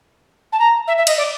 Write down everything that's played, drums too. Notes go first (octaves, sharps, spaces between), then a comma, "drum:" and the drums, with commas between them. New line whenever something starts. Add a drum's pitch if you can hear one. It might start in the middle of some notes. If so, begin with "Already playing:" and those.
A5
A#5
E5
E5
D#5, drum: cymbal
D5